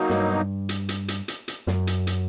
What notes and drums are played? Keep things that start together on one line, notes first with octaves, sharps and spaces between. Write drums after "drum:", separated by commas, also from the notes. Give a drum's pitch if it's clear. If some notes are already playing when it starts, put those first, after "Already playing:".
Already playing: B2 F#3 A#3 D#4
G2, drum: snare
drum: hi-hat
drum: hi-hat
drum: hi-hat
drum: hi-hat
drum: hi-hat
F#2, drum: snare
drum: hi-hat
drum: hi-hat